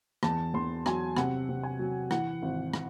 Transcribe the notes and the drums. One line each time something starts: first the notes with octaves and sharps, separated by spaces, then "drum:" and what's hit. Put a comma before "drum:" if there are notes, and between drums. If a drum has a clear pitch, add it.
E2 A5, drum: rim click
E2 C6
F#3 G#5, drum: rim click
C3 F#5, drum: rim click
C3
G#5
F#3
E3 F#5, drum: rim click
G#1
drum: rim click